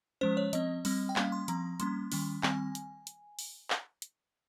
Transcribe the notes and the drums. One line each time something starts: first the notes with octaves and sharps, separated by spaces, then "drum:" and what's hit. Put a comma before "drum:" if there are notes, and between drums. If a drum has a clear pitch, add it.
F3 G#3 C#4 C5
C#5
F3 C4 D#5, drum: hi-hat
G3 C4, drum: open hi-hat
G5
G3 A#3 C#4 F5, drum: clap
C6
F3 C4 A#5, drum: hi-hat
G3 A#3 C#4 C6, drum: hi-hat
D#3 G3 C#4, drum: open hi-hat
D#3 G3 C4 G#5, drum: clap
drum: hi-hat
drum: hi-hat
drum: open hi-hat
drum: clap
drum: hi-hat